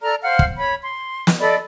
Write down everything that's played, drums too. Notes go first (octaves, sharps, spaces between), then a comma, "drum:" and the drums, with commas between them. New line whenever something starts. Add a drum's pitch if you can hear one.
A4 D5 A#5 F6
C5 F5 F#5 F6
drum: kick
C#5 B5
C6
drum: snare
A4 D5 D#5 B5